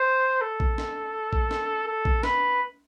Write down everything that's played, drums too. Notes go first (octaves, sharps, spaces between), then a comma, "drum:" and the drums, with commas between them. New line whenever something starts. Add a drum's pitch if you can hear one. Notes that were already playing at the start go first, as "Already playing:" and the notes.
Already playing: C5
A4
drum: kick A#1
drum: snare
drum: kick A#1
drum: snare
A4
drum: kick A#1
B4, drum: snare